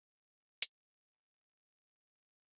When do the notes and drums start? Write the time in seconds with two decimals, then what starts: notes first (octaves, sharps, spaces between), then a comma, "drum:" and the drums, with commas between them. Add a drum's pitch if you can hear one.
0.10 E4 F#5 A5
0.36 G#4
0.62 D#4, drum: hi-hat
0.88 F#4 A4
1.13 D#4 F#5 A5
1.30 E5 G#5
1.39 F#4 A4
1.48 C#5 E5
1.65 E4 C5 D#5
1.92 G#4
2.17 E4
2.34 C5 D#5
2.43 G#4